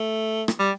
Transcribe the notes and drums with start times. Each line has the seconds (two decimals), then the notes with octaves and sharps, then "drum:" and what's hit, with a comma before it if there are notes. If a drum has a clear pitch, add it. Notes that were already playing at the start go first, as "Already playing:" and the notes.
Already playing: A3
0.48 drum: rim click
0.60 G3